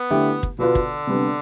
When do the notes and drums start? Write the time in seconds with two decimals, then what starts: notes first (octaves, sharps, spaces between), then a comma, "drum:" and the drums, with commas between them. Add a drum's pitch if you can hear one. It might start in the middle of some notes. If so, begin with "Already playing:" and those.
Already playing: B3
0.11 D3 A3 E4 G4
0.43 drum: kick
0.59 B2 D3 B3 F4 B4
0.75 drum: kick
1.07 C3 G3 B3 D4